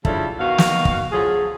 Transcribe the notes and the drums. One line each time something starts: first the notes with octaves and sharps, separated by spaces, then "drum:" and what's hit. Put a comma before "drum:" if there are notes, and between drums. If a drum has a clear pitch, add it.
C#3 F3 G3 D4 E4 A4, drum: kick
B2 D#3 F#4 F5
drum: snare
drum: kick
D2 F3 F#3 G#4